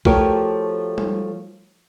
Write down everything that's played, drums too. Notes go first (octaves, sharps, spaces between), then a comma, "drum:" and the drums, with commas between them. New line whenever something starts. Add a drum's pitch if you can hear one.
F3 A3 F#4 G4 A#4 C#5, drum: kick B1
drum: tom G3